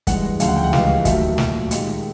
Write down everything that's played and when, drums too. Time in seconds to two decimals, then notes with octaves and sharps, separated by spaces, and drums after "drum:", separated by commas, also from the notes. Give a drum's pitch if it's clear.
0.07 G2 E3 G#3 F#5, drum: kick, hi-hat
0.40 D2 C#3 F3 A3 F5, drum: hi-hat
0.48 F#5
0.57 G5
0.64 F#5
0.73 C#2 C#3 E3 G3 F5, drum: snare
1.05 D#2 D#3 F#3 A3 E5, drum: kick, hi-hat
1.38 A#2 F#3 A3, drum: snare
1.71 D#2 D#3 G#3, drum: hi-hat